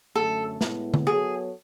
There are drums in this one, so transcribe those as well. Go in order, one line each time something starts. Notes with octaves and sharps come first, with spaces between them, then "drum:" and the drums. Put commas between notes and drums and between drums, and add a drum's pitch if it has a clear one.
F#2 D3 A3 A4
A2 G#3 B3 E4, drum: snare
drum: tom D3
F#3 B3 F#4 G#4 A4 C#5